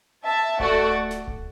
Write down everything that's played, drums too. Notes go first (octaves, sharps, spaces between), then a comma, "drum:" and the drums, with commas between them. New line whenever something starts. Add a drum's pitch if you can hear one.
E5 A5
A3 F#4 A4 D5 F#5, drum: kick D1
drum: snare
drum: kick D1